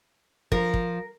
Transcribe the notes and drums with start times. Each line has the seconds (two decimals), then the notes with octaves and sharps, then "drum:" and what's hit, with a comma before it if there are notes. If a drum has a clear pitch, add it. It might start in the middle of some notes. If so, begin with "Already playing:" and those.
0.52 F3 A#4, drum: kick
0.74 drum: kick